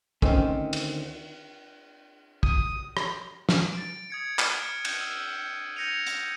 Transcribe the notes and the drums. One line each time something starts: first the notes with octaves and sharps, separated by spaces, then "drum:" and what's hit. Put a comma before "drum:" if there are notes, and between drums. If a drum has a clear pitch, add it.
D2 D#3 C4 C#4, drum: kick
drum: cymbal
D#6, drum: kick
drum: rim click
drum: snare
A6 D7
D#6 G#6 C#7
D#6 F6 A6 D#7 E7, drum: clap
G6, drum: cymbal
E6
G6 G#6 A#6 C#7 D#7 F7
drum: hi-hat